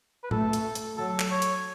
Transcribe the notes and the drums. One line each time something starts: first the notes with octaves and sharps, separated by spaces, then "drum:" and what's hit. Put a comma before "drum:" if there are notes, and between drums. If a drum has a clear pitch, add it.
B4
A3 A4, drum: tom A2
drum: hi-hat
drum: hi-hat
F#3 A4
drum: clap
C#5
drum: hi-hat